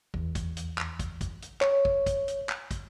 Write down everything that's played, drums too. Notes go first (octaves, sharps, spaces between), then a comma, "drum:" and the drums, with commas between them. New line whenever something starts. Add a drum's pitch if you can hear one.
E2, drum: kick
drum: kick, hi-hat
drum: hi-hat
drum: clap
drum: kick, hi-hat
drum: kick, hi-hat
drum: hi-hat
C#5, drum: clap
drum: kick
drum: kick, hi-hat
drum: hi-hat
drum: clap
drum: kick, hi-hat